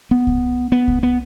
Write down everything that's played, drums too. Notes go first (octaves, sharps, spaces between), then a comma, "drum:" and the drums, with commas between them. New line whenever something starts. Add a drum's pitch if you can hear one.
B3
drum: kick C2
B3
drum: kick C2
B3